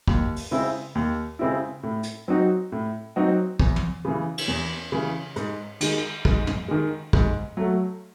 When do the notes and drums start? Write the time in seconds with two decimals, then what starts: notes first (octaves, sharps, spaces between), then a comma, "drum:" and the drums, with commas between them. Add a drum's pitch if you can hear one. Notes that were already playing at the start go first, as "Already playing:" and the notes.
0.08 D#2, drum: kick
0.36 drum: open hi-hat
0.51 C#3 G#3 C4 E4
0.95 D#2
1.39 C#3 G#3 C4 E4
1.83 A2
2.03 drum: hi-hat
2.28 F#3 C4 D#4 F#4
2.72 A2
3.16 F#3 C4 D#4 F#4
3.60 E2, drum: kick
3.76 drum: tom
4.05 C#3 E3
4.38 drum: cymbal
4.48 E2
4.92 C#3 E3
5.36 G#2, drum: hi-hat
5.81 D#3 G#3, drum: cymbal
6.25 G#2, drum: kick
6.47 drum: tom
6.68 D#3 G#3
7.13 G#2, drum: kick
7.57 F#3 A3